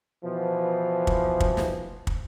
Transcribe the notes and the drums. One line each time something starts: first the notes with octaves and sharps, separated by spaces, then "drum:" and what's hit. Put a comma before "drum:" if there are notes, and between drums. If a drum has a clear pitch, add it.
B2 E3 F3
drum: kick
drum: kick
drum: snare
drum: kick